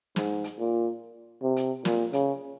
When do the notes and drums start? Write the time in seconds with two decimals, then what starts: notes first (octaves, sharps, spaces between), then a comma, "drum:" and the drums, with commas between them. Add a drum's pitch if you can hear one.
0.16 G#2, drum: snare
0.44 drum: hi-hat
0.59 A#2
1.43 C3
1.57 drum: hi-hat
1.85 A#2, drum: snare
2.13 C#3, drum: hi-hat